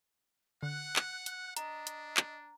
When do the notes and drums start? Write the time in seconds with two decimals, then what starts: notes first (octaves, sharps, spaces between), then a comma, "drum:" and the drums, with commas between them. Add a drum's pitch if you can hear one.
0.63 D3 F#5 F#6
0.96 drum: clap
1.26 drum: hi-hat
1.57 D4 D#5 A#5, drum: hi-hat
1.87 drum: hi-hat
2.17 drum: clap